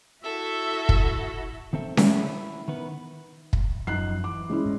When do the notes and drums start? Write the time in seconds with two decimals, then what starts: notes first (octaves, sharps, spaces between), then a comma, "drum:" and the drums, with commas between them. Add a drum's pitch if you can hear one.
0.24 E4 F#4 A4 E5
0.89 drum: kick
1.73 D#3 C4 A4 E5
1.97 E4, drum: snare C#4
2.68 D#3 B3 B4
3.53 drum: kick
3.87 F#2 F3 D#4 F#6 C7
4.24 E3 D6
4.50 G#3 C#4 E4
4.65 G2